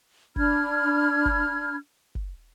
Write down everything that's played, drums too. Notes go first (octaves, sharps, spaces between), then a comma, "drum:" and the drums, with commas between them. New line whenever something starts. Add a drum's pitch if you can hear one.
D4 B5 F6 G#6, drum: kick
drum: kick
drum: kick